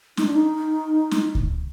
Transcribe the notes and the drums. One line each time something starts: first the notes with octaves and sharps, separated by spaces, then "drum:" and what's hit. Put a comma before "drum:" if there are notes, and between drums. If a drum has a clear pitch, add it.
D#4, drum: snare
D4
D#4
drum: snare
drum: kick C#2